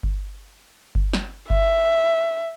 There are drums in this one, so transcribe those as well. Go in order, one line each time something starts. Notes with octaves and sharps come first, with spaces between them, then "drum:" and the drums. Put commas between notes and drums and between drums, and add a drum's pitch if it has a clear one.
drum: kick G1
drum: kick G1
drum: snare
E5, drum: kick G1